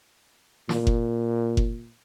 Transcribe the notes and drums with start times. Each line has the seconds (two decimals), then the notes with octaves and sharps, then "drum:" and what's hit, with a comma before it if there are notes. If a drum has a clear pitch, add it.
0.69 A#2, drum: snare
0.87 drum: kick F#1
1.57 drum: kick F#1